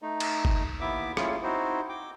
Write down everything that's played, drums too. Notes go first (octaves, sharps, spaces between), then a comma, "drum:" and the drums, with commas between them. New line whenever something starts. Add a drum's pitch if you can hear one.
A3 D#4
drum: cymbal
drum: kick
D#2 B3 E4 E5 D6
A3 A#3 C#4 E4 F4 G#4, drum: rim click
C4 D#4 E4 F#4 C5
G5 D6